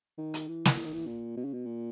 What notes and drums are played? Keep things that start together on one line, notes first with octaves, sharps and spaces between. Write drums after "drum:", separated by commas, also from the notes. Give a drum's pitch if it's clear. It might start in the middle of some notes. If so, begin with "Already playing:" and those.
D#3
drum: hi-hat
E3
drum: snare
E3
D#3
E3
A#2
B2
C#3
B2
A#2